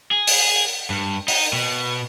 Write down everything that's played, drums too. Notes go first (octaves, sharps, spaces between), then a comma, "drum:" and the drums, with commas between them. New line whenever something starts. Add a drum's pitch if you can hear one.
G#4
drum: open hi-hat
G2
D#4, drum: open hi-hat
B2